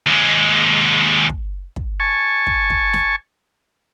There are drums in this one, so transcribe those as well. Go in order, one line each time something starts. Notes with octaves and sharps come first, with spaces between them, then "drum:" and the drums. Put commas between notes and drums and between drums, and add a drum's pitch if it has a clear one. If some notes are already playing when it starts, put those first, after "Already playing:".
D#2 G#3
drum: kick
drum: kick
G#5 A5 C#6
drum: kick
drum: kick
drum: snare